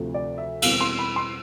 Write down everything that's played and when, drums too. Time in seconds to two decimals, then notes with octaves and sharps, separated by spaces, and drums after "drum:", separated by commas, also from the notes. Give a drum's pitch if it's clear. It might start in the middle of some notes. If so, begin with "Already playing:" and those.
Already playing: D2 C3 F3 A3
0.14 D5
0.38 E5
0.62 E2 B2 G3 C4 F5, drum: cymbal
0.81 C6
0.99 B5
1.16 C6